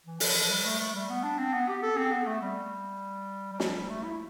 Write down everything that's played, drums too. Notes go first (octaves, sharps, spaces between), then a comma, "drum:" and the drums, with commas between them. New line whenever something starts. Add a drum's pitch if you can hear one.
E3
F3, drum: open hi-hat
F3
G3
A3
A3
G3
B3
D4
C4
B3
G4
A4
C4
B3
A3
G3
G3
F3, drum: snare
G3
A3
E4